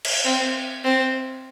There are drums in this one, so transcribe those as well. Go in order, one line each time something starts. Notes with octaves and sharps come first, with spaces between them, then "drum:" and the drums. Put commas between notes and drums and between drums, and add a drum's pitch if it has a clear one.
drum: cymbal
C4
C4